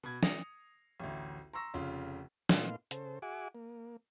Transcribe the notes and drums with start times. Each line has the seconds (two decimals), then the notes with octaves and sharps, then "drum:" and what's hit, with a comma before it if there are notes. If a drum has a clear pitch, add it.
0.03 B2 B5 G#6
0.23 D#6 A#6 C7 C#7 F7, drum: snare
1.00 A1 D2
1.53 A#5 C6 C#6 E6 A#6
1.74 F1 C#3 F4
2.49 A#2 A3 B3 D#4 F5 C6, drum: snare
2.91 C#3 A4 C5, drum: hi-hat
3.22 F#4 G#4 E5 F#5 G#5 D6
3.55 A#3